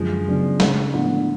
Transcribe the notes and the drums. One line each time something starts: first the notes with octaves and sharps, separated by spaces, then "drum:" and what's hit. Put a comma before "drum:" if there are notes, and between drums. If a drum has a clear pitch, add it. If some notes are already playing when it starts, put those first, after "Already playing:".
Already playing: F#2 D3 F3 G#3
C#3 F#3 B3 D4
C#3 G#3 D4, drum: snare
A2 D3 F3 B3 D4